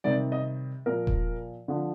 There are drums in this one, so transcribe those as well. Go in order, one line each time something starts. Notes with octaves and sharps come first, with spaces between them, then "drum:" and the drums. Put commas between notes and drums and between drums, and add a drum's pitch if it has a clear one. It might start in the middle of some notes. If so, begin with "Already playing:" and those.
C3 D#3 G3 D5
D#5
A#2 F3 A#4
drum: kick E1
D3 F3